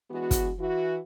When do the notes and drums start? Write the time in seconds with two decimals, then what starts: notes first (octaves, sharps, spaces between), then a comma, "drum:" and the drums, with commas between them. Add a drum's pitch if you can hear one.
0.10 E3 G#3 B3 D4 F#4
0.31 drum: kick, hi-hat
0.59 E3 E4 F#4